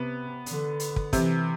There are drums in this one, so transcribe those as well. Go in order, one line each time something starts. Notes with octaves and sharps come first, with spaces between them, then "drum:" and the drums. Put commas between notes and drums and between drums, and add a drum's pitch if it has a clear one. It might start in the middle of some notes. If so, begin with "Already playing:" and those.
Already playing: C3 B3
D3, drum: hi-hat
drum: hi-hat
drum: kick
C3 E3, drum: kick, hi-hat